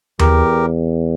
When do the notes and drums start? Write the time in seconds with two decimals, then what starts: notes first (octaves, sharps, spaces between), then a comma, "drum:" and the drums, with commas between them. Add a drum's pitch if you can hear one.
0.19 E2 G4 A#4, drum: tom D#2